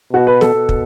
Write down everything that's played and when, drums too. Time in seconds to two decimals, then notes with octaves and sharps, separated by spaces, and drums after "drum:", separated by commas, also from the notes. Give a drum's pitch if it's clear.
0.13 B2 F#4
0.27 B4
0.41 A4, drum: snare
0.54 B2
0.69 drum: kick